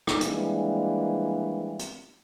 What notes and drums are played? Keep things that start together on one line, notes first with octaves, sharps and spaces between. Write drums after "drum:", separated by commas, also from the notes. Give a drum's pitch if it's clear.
drum: rim click
E3 F3 G3 G#3 A#3 D4, drum: hi-hat
drum: hi-hat